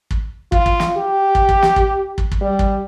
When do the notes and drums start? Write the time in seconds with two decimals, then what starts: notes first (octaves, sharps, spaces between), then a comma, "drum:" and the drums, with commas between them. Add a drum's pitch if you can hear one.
0.11 drum: kick
0.52 F4, drum: kick
0.66 drum: kick
0.80 drum: snare
0.97 G4
1.35 drum: kick
1.49 drum: kick
1.62 drum: snare
1.76 drum: kick
2.18 drum: kick
2.32 drum: kick
2.41 G3
2.59 drum: kick